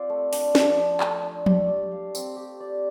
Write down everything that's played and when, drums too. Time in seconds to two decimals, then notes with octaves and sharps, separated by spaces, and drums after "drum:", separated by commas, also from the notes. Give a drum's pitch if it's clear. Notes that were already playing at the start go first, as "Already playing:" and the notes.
Already playing: C4 F4 D5
0.10 A3
0.33 D4, drum: open hi-hat
0.55 F3, drum: snare
0.77 F3
1.00 A3, drum: clap
1.23 D4
1.46 G4, drum: tom F3
1.68 D5
1.92 F5
2.15 C4, drum: tambourine
2.36 G4
2.60 D5